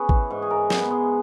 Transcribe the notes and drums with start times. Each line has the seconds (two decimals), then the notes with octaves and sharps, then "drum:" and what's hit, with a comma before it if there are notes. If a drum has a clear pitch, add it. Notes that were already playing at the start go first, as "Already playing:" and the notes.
Already playing: C#4 G#4 B4
0.09 E3, drum: kick
0.30 G#2
0.42 G#4
0.50 G#2 A#4
0.70 B3, drum: snare
0.91 G#3